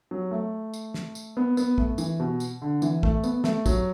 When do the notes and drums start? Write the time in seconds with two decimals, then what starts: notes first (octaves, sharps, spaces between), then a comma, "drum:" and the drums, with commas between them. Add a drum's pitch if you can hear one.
0.11 F#3
0.31 A3
0.74 drum: tambourine
0.94 drum: snare
1.15 drum: tambourine
1.37 B3
1.57 B3, drum: tambourine
1.78 A3, drum: kick
1.98 E3, drum: tambourine
2.20 B2
2.40 drum: tambourine
2.62 D3
2.82 E3, drum: tambourine
3.03 A3, drum: kick
3.24 B3, drum: tambourine
3.44 A3, drum: snare
3.66 F#3, drum: kick, tambourine